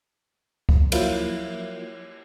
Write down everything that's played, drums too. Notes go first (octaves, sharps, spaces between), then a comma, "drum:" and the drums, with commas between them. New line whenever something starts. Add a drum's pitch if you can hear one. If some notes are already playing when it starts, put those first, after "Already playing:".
drum: kick C#2
F3 F#3 A#3 E4 F4, drum: cymbal